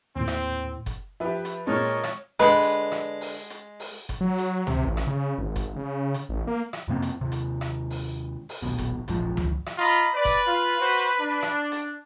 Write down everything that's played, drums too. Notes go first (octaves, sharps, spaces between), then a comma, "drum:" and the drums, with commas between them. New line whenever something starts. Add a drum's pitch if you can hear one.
D#2 A2 C4
drum: rim click
drum: kick F#1, hi-hat
F3 G4 B4 E5
drum: hi-hat
A#2 G#3 C4 A#4 C#5 D#5 A5 F6
drum: rim click
D3 G#3 B4
drum: hi-hat
drum: rim click
drum: open hi-hat
drum: hi-hat
drum: open hi-hat
drum: kick F#1, hi-hat
F#3
drum: hi-hat
C3, drum: tom
A1
drum: rim click
C#3
G#1
drum: kick F#1, hi-hat
C#3
drum: hi-hat
A1
A#3
drum: rim click
F2 C3 A#3 C4
drum: hi-hat
D#2 C3
drum: hi-hat
drum: rim click
drum: open hi-hat
drum: open hi-hat
D#1 B1 B2
drum: kick F#1, hi-hat
E1 A#1 G#2 F3, drum: hi-hat
drum: tom
drum: rim click
F4 D#5 A#5 B5
B4 D5
drum: kick F#1, hi-hat
F4
F#4 C5
D4
drum: rim click
drum: hi-hat